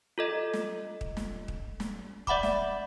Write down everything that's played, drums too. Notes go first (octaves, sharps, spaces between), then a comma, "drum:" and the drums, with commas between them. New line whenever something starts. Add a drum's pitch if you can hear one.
F4 A4 D#5
drum: snare
drum: kick
drum: snare
drum: kick
drum: snare
D5 E5 F#5 B5 D6, drum: kick
drum: snare